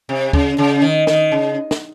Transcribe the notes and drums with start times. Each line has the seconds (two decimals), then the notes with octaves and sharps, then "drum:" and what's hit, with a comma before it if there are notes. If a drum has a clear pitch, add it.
0.09 C3
0.33 C#3, drum: kick
0.58 C#3
0.82 D#3
1.07 D#3, drum: snare
1.32 C#3
1.71 drum: snare